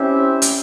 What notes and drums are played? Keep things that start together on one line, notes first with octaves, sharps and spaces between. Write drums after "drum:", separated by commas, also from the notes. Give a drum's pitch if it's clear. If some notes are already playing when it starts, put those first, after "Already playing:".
Already playing: C4 C#4 E4 G4 C5 E5
drum: hi-hat